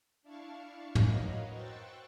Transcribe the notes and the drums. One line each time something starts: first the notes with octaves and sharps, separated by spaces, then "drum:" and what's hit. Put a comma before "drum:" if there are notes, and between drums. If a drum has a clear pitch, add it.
D4 E4 F5 A5 C#6
F#4 A#4 B4 C#5 D#5 F5, drum: tom
C5 G5 C#6 E6 F#6 A6